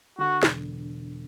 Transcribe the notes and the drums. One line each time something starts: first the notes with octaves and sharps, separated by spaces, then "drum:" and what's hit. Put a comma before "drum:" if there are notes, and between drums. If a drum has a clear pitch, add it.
D3 F#4
E1, drum: snare